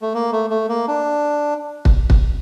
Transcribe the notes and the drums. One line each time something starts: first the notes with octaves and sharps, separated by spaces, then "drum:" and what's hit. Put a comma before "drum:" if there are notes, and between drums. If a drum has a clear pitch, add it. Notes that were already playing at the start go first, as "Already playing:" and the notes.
A3
A#3
A3
A3
A#3
D4
drum: kick
drum: kick